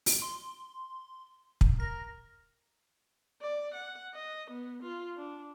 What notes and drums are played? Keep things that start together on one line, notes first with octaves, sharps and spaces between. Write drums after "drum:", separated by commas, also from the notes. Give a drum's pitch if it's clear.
drum: open hi-hat
C6
drum: kick
A#4 A#6
D5
F#5
D#5
B3
F4
D4